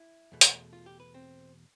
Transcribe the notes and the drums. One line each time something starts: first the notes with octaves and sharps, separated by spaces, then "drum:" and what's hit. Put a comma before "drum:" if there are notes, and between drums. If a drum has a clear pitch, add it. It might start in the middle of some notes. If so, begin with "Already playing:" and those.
Already playing: E4
E2 B2 A3
drum: hi-hat
F4
G4
B4
C4